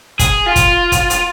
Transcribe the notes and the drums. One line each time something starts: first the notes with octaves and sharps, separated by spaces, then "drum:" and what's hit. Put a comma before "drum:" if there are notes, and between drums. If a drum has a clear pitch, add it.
G#4, drum: kick, hi-hat
F4
drum: kick, hi-hat
drum: kick, hi-hat
drum: hi-hat